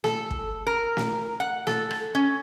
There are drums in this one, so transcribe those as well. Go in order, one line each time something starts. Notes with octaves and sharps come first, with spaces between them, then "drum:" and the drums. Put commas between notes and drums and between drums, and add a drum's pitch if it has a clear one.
A4, drum: snare
drum: kick
A#4
drum: snare
F#5
A4, drum: snare
drum: rim click
C#4